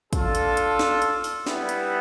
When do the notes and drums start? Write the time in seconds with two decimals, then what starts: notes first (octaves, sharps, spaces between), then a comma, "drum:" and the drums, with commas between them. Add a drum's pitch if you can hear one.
0.13 D4 F4 A4, drum: kick, hi-hat
0.35 drum: hi-hat
0.57 drum: hi-hat
0.79 drum: snare
1.02 drum: hi-hat
1.24 drum: open hi-hat
1.47 G3 B3 E4, drum: snare
1.69 drum: hi-hat